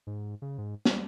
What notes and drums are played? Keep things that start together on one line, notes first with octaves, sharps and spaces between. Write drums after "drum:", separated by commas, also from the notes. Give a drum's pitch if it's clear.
G#2
C#3
G#2
G3, drum: snare